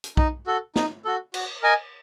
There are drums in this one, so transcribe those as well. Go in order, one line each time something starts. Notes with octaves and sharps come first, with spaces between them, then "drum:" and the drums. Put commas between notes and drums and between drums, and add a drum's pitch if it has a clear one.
drum: hi-hat
D#4, drum: kick
F#4 A4
D#4, drum: snare
F#4 A4
F#4, drum: cymbal
A#4 D#5 G#5